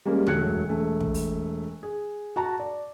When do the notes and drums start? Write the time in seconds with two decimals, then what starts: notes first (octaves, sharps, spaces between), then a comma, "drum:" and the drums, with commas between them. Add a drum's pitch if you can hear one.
0.05 G3 G#3 A#3 C#4
0.27 E1 F#3 A3 F#6 G#6 C#7, drum: tom C#3
0.69 E1 A3
1.00 drum: kick
1.14 drum: open hi-hat
1.83 G#4
2.36 F#4 A5 A#5
2.60 D5